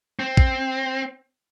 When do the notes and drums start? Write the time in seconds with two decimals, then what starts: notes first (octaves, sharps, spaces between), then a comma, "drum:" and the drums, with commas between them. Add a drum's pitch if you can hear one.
0.19 C4
0.37 drum: kick